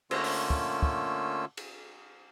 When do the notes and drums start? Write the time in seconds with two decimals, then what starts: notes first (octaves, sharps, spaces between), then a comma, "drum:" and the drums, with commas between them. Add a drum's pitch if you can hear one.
0.11 D3 A3 A#3 C#4 F4 E6, drum: cymbal
0.24 drum: open hi-hat
0.50 drum: kick
0.83 drum: kick
1.57 drum: cymbal